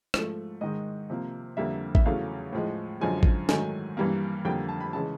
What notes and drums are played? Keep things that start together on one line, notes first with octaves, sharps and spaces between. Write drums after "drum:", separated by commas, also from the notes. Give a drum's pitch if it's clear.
G#2 F3 A3, drum: rim click
G#2 D#3 G#3 D#5
C3 F3 A#3
F2 D3 G3 A#3 E5
E5, drum: kick A1
E2 C#3 F#3 A3 F5
A2 F3 G#3
F#2 D3 F3 G#3 G#5
drum: kick A1
G#2 D#3 F#3 A3 G#5, drum: snare
G2 E3 G3 A#3
F2 D3 G3 A#3 G5
A5
B5
C#3 E3 G#3 A5